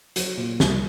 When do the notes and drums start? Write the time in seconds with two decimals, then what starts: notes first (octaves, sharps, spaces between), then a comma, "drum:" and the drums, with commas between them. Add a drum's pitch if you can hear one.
0.16 F#3, drum: hi-hat
0.37 A#2
0.60 C2, drum: snare